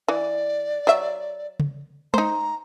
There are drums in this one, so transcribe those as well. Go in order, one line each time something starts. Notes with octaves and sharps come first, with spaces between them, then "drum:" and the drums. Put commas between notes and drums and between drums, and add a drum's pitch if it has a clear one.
E3 D5
F#3 E5
drum: tom C#3
D#4 C5 A#5, drum: tom G#3